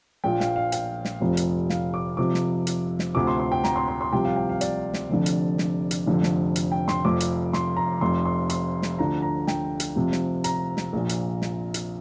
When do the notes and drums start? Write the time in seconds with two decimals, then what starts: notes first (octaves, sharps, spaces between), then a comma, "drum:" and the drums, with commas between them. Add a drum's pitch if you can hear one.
0.24 A#1 A#2 F3 G5
0.40 F5, drum: snare
0.56 F5
0.72 G5, drum: hi-hat
1.05 drum: snare
1.21 F1 F2 C3 F3
1.37 drum: hi-hat
1.70 F5, drum: snare
1.94 D6
2.17 F1 F2 C3 F3 D6
2.34 drum: snare
2.67 drum: hi-hat
2.99 drum: snare
3.15 D2 C3 F3 D6
3.27 C6
3.40 C6
3.52 G5
3.64 A#5, drum: snare
3.76 C6
3.88 C6
4.01 C6
4.13 C2 C3 F3 G5
4.25 F5
4.36 G5
4.49 F5
4.61 D5, drum: hi-hat
4.94 drum: snare
5.10 F1 F2 D3
5.26 drum: hi-hat
5.58 drum: snare
5.91 drum: hi-hat
6.06 F1 F2 D3 F3
6.23 drum: snare
6.56 drum: hi-hat
6.72 G5
6.88 C6, drum: snare
7.05 F1 F2 F3 D6
7.20 drum: hi-hat
7.53 C6, drum: snare
7.77 A#5
8.01 F1 F2 F3 C6
8.25 C6
8.50 C6, drum: hi-hat
8.82 drum: snare
8.99 D2 D3 F3 A#5
9.22 A#5
9.47 G5, drum: snare
9.80 drum: hi-hat
9.96 F1 F2 C3 F3
10.12 drum: snare
10.44 A#5, drum: hi-hat
10.77 drum: snare
10.93 A#1 A#2 F3
11.09 drum: hi-hat
11.42 drum: snare
11.74 drum: hi-hat